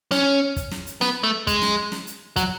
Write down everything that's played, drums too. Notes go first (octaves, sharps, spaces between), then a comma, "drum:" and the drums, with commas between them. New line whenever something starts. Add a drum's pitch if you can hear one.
C#4, drum: snare
drum: kick, hi-hat
drum: snare
drum: hi-hat
B3, drum: snare
A3
G#3, drum: kick, hi-hat
drum: snare
drum: snare
drum: hi-hat
F#3, drum: kick, hi-hat